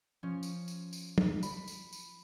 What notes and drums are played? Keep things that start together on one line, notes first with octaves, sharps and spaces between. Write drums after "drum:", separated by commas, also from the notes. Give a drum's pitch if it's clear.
F3 C#4
drum: tambourine
drum: tambourine
drum: tambourine
drum: tom
B5, drum: tambourine
drum: tambourine
drum: tambourine